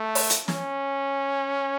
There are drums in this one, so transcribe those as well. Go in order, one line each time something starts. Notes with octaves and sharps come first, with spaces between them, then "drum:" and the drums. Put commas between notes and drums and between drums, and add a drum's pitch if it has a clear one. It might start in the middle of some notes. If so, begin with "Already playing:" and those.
Already playing: A3
drum: open hi-hat
drum: hi-hat
C#4, drum: snare